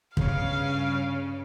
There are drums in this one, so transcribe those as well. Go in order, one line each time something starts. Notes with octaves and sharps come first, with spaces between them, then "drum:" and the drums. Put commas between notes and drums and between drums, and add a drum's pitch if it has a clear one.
G2 C#3 F5, drum: kick